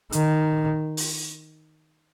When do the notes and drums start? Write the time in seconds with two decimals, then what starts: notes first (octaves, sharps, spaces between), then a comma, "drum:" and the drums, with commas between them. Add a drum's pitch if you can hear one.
0.12 D#3, drum: hi-hat
0.97 drum: open hi-hat